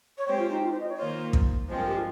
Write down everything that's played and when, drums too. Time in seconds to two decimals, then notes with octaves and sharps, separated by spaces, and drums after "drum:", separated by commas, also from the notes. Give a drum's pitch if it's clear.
0.18 C#5
0.27 G#3 C4 G4 C5
0.39 F4
0.50 D#4
0.63 F4
0.72 C5
0.80 D#5
0.89 C#5
0.98 D#3 A#3 F4 C5
1.33 drum: kick
1.69 G2 F3 G#3 C4 C5
1.78 A#4
1.86 G4
1.95 F4